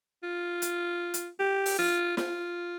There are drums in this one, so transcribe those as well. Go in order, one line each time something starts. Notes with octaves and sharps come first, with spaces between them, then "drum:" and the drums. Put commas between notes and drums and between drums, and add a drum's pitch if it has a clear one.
F4
drum: hi-hat
drum: hi-hat
G4
drum: open hi-hat
F4
F4, drum: snare